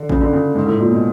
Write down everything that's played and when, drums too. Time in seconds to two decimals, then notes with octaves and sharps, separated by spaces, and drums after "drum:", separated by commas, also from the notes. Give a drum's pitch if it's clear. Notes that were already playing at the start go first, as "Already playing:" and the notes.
Already playing: D3
0.09 C#3, drum: kick A1
0.21 D3
0.33 C#3
0.55 G#2
0.66 A2
0.80 A#2
0.91 B2